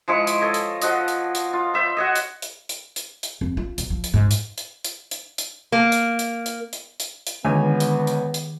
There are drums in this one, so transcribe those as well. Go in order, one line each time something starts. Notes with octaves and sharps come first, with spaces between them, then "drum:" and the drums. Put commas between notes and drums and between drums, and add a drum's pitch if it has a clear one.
F3 G#3 E4 C#6
drum: hi-hat
A4 C#5 D#5
drum: hi-hat
F3 F#4 D#5, drum: hi-hat
drum: hi-hat
drum: hi-hat
F4
C5 E5 B5
F#4 C#5 D#5
drum: hi-hat
drum: hi-hat
drum: hi-hat
drum: hi-hat
drum: hi-hat
F2
F4
B1, drum: hi-hat
F3
drum: hi-hat
G#2
drum: hi-hat
drum: hi-hat
drum: hi-hat
drum: hi-hat
drum: hi-hat
A#3
drum: hi-hat
drum: hi-hat
drum: hi-hat
drum: hi-hat
drum: hi-hat
drum: hi-hat
C#2 D3 D#3 B3 G#5
drum: hi-hat
drum: hi-hat
drum: hi-hat